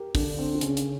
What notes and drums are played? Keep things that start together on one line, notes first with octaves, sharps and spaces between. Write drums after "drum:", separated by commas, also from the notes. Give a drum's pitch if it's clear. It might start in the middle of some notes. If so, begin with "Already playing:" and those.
Already playing: G4 A#4
D3 D4, drum: kick, open hi-hat
C4
D4
C#3 C#4, drum: hi-hat
drum: hi-hat